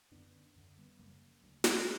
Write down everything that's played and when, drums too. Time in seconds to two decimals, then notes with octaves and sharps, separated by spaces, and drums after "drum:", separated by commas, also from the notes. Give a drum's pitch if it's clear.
0.11 F#2 D3 B3 D4
0.56 F#2 D3
0.78 G3 B3
0.99 F#2 C#3 F#3 A#3
1.44 D2 C#3
1.64 drum: snare